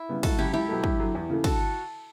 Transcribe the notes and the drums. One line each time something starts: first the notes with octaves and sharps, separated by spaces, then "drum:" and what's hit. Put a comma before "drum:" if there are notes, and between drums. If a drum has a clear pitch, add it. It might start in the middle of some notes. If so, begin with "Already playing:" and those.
Already playing: E4
C#3 G3 B3
C#2 F#4 A4, drum: kick, cymbal
C#3 F#3 E4 G4
C#2 E4 G4
B2 F#3 A3
G2, drum: kick
D3 F#3
E2
C#3 E3 A3
D3 F#4 A4, drum: kick, cymbal